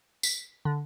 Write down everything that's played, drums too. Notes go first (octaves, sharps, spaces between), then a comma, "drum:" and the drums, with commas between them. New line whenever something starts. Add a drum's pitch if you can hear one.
B6, drum: tambourine
D3